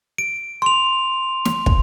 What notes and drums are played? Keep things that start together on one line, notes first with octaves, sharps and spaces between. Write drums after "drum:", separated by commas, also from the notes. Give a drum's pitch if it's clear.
D7
C6 F7
drum: snare
drum: kick